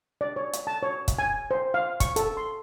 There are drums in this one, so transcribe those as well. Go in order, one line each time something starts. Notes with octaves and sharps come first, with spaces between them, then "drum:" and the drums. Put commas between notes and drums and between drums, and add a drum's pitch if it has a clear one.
D5
C#5
drum: hi-hat
A5
C#5
drum: kick, hi-hat
G#5
C5
F5
C#6, drum: kick, hi-hat
A4, drum: hi-hat
C6